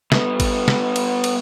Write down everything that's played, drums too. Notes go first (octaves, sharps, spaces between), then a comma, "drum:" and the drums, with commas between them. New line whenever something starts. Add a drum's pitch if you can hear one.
G3 B3, drum: snare
drum: kick, cymbal
drum: snare
drum: cymbal
drum: cymbal